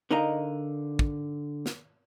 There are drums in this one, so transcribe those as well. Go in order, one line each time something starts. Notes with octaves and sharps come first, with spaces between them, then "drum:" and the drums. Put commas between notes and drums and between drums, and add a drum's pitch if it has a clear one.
D3 D#4 A#4 D#5 F5 A#5
drum: kick
drum: snare